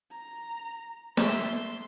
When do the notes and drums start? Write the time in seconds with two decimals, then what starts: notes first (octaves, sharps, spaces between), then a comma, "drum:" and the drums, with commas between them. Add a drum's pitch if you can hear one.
0.11 A#5
1.17 E5 A5 C6, drum: snare